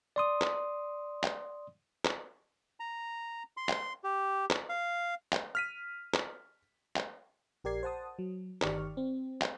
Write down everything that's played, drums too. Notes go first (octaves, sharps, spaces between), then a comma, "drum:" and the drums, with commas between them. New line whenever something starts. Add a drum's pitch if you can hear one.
D5 C6 D#6
drum: clap
drum: clap
drum: clap
A#5
C6
drum: clap
G4
drum: clap
F5
drum: clap
F6 B6 D#7
drum: clap
drum: clap
A#1 G4 A#4 D5 G#6 C7
C5 F#5 A5 D#6
F#3
G1 D#3 G4 D5 C#6 F6, drum: clap
C4
drum: clap